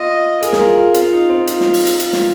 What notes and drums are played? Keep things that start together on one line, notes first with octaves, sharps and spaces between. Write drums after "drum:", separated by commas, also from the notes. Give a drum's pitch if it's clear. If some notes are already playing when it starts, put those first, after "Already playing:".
Already playing: F4 D#5
G#4 A#4, drum: hi-hat
G#4, drum: snare
F4
F4
C4 F4, drum: hi-hat
D#4
C4
F4, drum: hi-hat
drum: snare
drum: open hi-hat
drum: hi-hat
F4, drum: hi-hat
drum: snare